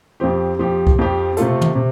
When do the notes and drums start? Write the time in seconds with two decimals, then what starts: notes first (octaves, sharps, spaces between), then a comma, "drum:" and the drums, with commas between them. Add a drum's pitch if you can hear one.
0.20 F2 F3 C4 G4
0.59 F2 F3 C4 G4
0.87 drum: kick C2
0.98 F2 F3 C4 G4
1.37 C3 A3 F4 A4, drum: hi-hat
1.61 drum: tom
1.75 C3